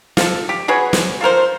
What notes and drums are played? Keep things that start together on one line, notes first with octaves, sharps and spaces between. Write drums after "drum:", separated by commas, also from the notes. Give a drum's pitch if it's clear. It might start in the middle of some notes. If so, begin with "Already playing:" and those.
F4 A4, drum: snare
G4
F#4 G#4 B4 C#5
drum: snare
F4 A4 A#4 C5